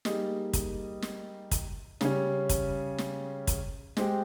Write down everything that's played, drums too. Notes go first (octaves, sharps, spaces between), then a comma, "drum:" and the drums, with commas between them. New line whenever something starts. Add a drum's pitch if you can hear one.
G3 A#3 D#4 G#4, drum: snare
drum: kick, hi-hat
drum: snare
drum: kick, hi-hat
C#3 G3 C#4, drum: snare
drum: kick, hi-hat
drum: snare
drum: kick, hi-hat
G#3 C4 G4, drum: snare